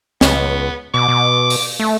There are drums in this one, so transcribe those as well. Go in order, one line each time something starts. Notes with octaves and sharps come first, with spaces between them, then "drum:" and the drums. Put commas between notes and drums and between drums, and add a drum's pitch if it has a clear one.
C#2 B3, drum: snare
B2 D6
B2
drum: open hi-hat
A3